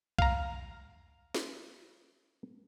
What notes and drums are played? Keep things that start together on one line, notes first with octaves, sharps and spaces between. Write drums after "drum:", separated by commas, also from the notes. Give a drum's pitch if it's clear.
F5 A#5, drum: kick C2
drum: snare